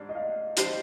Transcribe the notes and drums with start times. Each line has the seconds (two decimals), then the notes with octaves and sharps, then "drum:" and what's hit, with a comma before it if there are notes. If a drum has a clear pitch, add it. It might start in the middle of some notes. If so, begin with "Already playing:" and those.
Already playing: G#2 G3 D4 D5
0.09 D#5
0.15 F5
0.57 G3 D4 G4 C5 D#5, drum: hi-hat